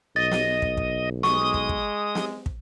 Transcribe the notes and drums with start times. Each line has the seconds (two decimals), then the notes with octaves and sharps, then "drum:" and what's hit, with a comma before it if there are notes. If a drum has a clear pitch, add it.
0.16 B1 D#5 A6
0.31 drum: snare
0.62 drum: kick
0.77 drum: kick
1.23 G#3 C#6 D#6, drum: snare
1.54 drum: kick
1.69 drum: kick
2.15 drum: snare
2.46 drum: kick